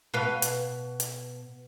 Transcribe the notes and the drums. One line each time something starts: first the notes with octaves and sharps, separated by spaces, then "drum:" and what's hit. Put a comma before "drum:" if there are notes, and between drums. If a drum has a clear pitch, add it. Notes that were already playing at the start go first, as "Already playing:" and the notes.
B2 B4 F5
drum: hi-hat
drum: hi-hat